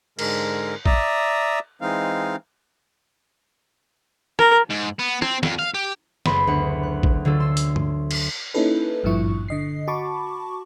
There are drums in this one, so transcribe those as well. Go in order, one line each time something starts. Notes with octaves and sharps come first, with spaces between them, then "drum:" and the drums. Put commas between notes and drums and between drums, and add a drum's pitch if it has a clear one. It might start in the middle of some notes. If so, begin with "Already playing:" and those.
G#2 D3 G#3 A#4, drum: cymbal
D5 E5 A#5 D#6, drum: kick
E3 G#3 C4 D#4 F5
A#4, drum: rim click
G#2
B3
C4, drum: rim click
F2, drum: snare
F5
G4
F#1 B3 B5 C6, drum: snare
D2 F#5
F#6
drum: kick
D3 F#3 F4 A4
C6 E6
drum: hi-hat
drum: tom G2
drum: cymbal
A#3 C#4 D#4 E4 A4 B4
G#1 G2 A#2 F3 E4 C#6
D3 D#5 C7
F#4 A5 B5 C#6 D6